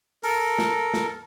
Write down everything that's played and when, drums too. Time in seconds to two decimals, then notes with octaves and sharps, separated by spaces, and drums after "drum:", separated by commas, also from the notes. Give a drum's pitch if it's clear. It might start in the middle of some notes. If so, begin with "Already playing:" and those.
0.23 A4 A#4, drum: open hi-hat
0.59 drum: snare
0.94 drum: snare